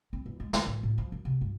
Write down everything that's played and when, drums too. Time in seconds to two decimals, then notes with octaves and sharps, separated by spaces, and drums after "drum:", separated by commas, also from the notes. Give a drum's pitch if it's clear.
0.13 C4
0.26 E2
0.40 G#3
0.53 F4, drum: snare
0.67 A1
0.83 A2
0.98 F3
1.12 F#2
1.25 C3
1.41 G2